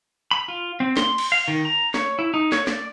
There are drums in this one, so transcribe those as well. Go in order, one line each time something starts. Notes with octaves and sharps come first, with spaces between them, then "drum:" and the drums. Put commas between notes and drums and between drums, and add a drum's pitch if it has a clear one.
B5
F4
C4
C6, drum: snare
drum: cymbal
F5
D#3
A#5
C#5, drum: snare
E4
D#4
C#5, drum: snare
D5, drum: snare